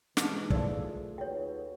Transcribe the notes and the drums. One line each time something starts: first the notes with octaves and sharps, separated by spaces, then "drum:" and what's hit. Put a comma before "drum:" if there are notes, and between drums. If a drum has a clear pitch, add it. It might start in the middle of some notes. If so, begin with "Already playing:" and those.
G#2 B2 E3 G#3 G#4 A5, drum: snare
A3 F4 A4 A#4 C5 D5, drum: kick
D#2 F#4 B4 C#5 G5